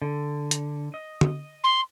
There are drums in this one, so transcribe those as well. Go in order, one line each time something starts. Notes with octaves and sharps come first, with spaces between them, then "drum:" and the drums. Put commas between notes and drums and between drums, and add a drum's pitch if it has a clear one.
D3
drum: hi-hat
D#5
drum: tom D3
C6